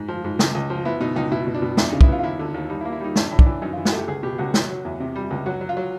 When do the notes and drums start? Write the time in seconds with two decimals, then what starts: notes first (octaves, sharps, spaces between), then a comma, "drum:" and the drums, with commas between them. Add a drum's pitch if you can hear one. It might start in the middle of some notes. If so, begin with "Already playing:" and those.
Already playing: G#2
0.08 F3
0.25 G#2
0.39 C#2, drum: snare
0.55 C#2
0.70 F3
0.85 B3 E4
1.01 B2 D#4
1.16 C#2 D#4
1.32 B2 E4
1.47 B2
1.54 D4
1.62 B2
1.77 E2 D4, drum: snare
1.89 D#4
1.93 C#3
2.01 E4, drum: kick
2.08 B3 F4
2.19 F4
2.23 D#2 E4
2.39 D3
2.54 D#2
2.70 G3 D#4
2.81 E4
2.85 A#3
2.92 E4
3.00 G3 D#4
3.16 A2 D4, drum: snare
3.31 A2
3.39 D4, drum: kick
3.46 E3
3.62 F#2 D#4
3.73 F4
3.77 E3
3.85 F#4, drum: snare
3.92 A3 G4
4.08 C#2 G#4
4.23 B2 G4
4.38 C#2 F#4
4.54 F#3, drum: snare
4.69 F#3
4.85 E2
5.00 C3
5.16 G3
5.31 C#2
5.46 F#3 F#4
5.61 F#3
5.69 F4
5.77 F#3